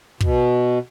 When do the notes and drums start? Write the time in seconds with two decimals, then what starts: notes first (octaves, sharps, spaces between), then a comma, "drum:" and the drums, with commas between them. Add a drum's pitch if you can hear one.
0.20 B2, drum: kick